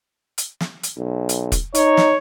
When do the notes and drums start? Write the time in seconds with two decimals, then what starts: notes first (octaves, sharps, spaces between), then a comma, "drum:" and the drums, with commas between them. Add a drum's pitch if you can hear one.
0.38 drum: hi-hat
0.60 drum: snare
0.83 drum: hi-hat
0.98 B1
1.29 drum: hi-hat
1.52 drum: kick E1, hi-hat
1.75 D#4 C#5, drum: hi-hat
1.97 drum: snare